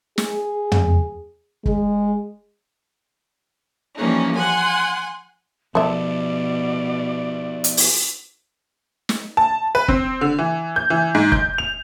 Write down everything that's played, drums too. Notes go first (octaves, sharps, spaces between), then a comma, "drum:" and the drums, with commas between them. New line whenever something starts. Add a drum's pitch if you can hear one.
G#4, drum: snare
drum: tom
G#3, drum: kick
E3 F3 G3 A#3 C#4 D#4
F#5 G#5 C6
B2 F3 A3 B3 D5 E5
drum: hi-hat
drum: open hi-hat
drum: snare
A5
B4
C4, drum: kick
D3
E3
G6
E3
G#2
G6, drum: kick
F7